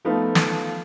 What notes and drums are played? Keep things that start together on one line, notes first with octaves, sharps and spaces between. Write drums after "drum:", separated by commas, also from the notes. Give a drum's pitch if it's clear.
F3 A3 B3 D#4
drum: snare